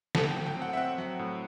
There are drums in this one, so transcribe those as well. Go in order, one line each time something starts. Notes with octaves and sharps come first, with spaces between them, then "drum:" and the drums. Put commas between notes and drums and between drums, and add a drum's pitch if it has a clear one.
A2 A5, drum: snare
G5
F#3
G5
C4
F#5
E5
C4 F#5
F#3
A2